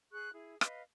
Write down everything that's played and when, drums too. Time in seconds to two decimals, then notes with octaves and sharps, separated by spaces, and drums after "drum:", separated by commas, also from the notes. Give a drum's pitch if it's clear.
0.13 G#4 C#6 F#6
0.32 E4 G#4
0.61 B4 D#5 F5, drum: rim click